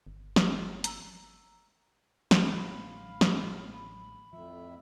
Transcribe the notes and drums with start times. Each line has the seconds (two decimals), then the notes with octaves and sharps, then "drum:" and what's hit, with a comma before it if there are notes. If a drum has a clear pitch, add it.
0.07 G1
0.36 drum: snare
0.84 A#5 E6, drum: hi-hat
2.31 A1 D3 G#3 F5 B5, drum: snare
3.21 drum: snare
4.33 F2 A2 F3 E5